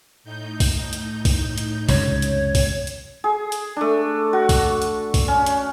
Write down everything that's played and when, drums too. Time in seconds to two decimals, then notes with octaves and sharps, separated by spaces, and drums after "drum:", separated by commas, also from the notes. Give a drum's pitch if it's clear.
0.24 A2 D#4 G6
0.60 drum: kick, open hi-hat
0.93 drum: hi-hat
1.25 drum: kick, open hi-hat
1.58 drum: hi-hat
1.89 C#2 F#2 C3 C#5, drum: kick, open hi-hat
2.22 drum: hi-hat
2.55 drum: kick, open hi-hat
2.87 drum: hi-hat
3.24 G#4
3.52 drum: hi-hat
3.76 A3 D4
4.33 F#4
4.49 drum: kick, open hi-hat
4.82 drum: hi-hat
5.14 drum: kick, open hi-hat
5.28 C#4
5.46 drum: hi-hat